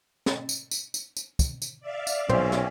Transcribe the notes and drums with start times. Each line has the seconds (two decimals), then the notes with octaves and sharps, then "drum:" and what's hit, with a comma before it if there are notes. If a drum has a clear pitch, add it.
0.26 drum: snare
0.49 drum: tambourine
0.71 drum: tambourine
0.94 drum: tambourine
1.17 drum: tambourine
1.39 drum: kick, tambourine
1.62 drum: tambourine
1.80 D5 E5 F5
2.07 drum: tambourine
2.29 B1 C4 C#4 C5, drum: tom
2.52 drum: snare